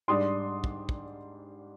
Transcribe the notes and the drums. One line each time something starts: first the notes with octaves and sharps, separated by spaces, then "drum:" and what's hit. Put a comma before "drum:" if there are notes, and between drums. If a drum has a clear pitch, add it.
G#2 G3 D4 C6 D#6
drum: kick
drum: kick